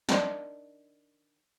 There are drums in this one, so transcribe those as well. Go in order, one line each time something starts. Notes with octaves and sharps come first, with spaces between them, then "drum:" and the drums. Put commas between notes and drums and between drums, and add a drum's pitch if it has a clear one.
D#3 D4 C5, drum: snare